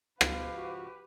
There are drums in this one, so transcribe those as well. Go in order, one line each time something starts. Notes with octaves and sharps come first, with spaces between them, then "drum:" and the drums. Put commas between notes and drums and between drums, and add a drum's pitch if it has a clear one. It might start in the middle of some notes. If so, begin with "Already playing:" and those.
G#2 C#3 F3 G4 B4 F5, drum: rim click
F#4